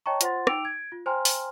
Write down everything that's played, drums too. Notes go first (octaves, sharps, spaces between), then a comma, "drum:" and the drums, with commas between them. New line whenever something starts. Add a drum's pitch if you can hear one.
C#5 D#5 G5 A5 A#5 C#6
F4 C5 F#5 C6 A6, drum: hi-hat
D#4 G5 D6 E6 D7 F7, drum: rim click
G#6 D7
F4
C5 G5 G#5 A#5 C6 F6
drum: open hi-hat